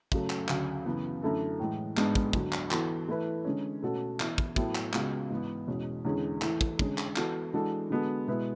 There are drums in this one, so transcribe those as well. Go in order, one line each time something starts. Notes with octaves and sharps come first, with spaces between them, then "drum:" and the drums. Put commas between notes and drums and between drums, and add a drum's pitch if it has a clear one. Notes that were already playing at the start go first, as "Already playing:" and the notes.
F#2 C#3 F#3 A3, drum: kick
drum: clap
D2 C#3 F#3, drum: clap
F#2 C#3 E3 B3
F#2 D3 A3 E4 A4
A2 E3 G#3
G#2 G#3 B3 D4, drum: clap
drum: kick
D2 D3 F#3, drum: kick
drum: clap
E3 B3 F#4 A4, drum: clap
E3 A3 E4 B4
D3 G#3 C#4
B2 A3 C#4 F#4 A4
E3 B3 E4, drum: clap
drum: kick
A2 F#3 B3 E4 A4, drum: kick
drum: clap
C#2 C#3 G#3 B3 F#4, drum: clap
G#2 E3 B3
E2 B2 G#3 C#4
E2 D3 G#3 C#4 G#4
E3 A3 E4, drum: clap
drum: kick
D3 G#3 C#4 G#4, drum: kick
drum: clap
E3 B3 F#4 A4, drum: clap
E3 G#3 D4 F#4 A4
D3 G#3 B3 F#4 A4
B2 G#3 B3 E4 B4